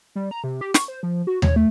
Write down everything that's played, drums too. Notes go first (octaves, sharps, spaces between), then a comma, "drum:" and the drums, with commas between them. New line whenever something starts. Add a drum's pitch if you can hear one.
G3
A#5
C3
G4
C#6, drum: snare
C5
F3
F#4
C#5, drum: tom D#2
A3